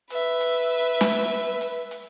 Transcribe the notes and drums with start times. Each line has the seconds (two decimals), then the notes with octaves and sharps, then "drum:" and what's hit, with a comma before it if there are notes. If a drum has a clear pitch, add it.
0.10 B4 E5, drum: hi-hat
0.40 drum: hi-hat
1.01 drum: snare
1.61 drum: hi-hat
1.91 drum: hi-hat